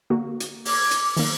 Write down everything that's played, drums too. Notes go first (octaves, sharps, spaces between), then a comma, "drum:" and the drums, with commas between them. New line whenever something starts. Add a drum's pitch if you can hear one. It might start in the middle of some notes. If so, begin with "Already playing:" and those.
D3 A#3 F#4
drum: hi-hat
D6 G#6, drum: open hi-hat
drum: hi-hat
D#3 A#3, drum: open hi-hat